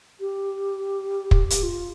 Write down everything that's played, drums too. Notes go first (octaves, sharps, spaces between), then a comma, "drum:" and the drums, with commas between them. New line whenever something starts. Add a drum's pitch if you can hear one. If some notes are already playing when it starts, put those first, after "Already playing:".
G4
drum: kick
drum: hi-hat
F4